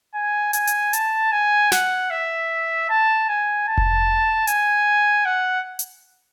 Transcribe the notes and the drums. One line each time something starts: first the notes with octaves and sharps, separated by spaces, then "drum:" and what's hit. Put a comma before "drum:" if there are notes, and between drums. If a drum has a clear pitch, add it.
G#5
G#5, drum: hi-hat
drum: hi-hat
A5, drum: hi-hat
G#5
F#5, drum: snare
E5
A5
G#5
A5
drum: kick F1
G#5, drum: hi-hat
F#5
drum: hi-hat